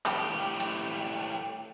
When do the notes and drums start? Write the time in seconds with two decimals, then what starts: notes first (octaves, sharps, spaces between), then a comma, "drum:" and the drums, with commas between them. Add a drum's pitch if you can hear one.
0.06 A2 G4, drum: clap
0.60 drum: cymbal